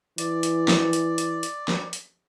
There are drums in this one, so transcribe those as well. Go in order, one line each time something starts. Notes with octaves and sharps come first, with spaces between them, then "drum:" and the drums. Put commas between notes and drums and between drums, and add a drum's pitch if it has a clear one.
E3 D5, drum: hi-hat
drum: hi-hat
drum: snare
drum: hi-hat
drum: hi-hat
drum: hi-hat
drum: snare
drum: hi-hat